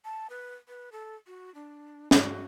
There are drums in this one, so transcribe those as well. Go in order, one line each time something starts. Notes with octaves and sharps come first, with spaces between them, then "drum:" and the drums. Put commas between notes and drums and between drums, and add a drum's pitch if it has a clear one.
A5
B4
B4
A4
F#4
D4
F#4, drum: snare